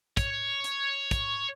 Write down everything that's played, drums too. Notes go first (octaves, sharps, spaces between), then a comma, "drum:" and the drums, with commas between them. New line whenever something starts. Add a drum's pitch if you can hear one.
C#5, drum: kick, hi-hat
drum: hi-hat
drum: kick, hi-hat